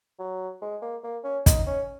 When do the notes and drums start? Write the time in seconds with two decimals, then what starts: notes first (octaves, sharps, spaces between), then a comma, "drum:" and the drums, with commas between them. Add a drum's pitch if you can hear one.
0.19 F#3
0.62 G#3
0.82 A#3
1.04 A#3
1.24 C#4
1.46 D#4, drum: kick, hi-hat
1.67 C#4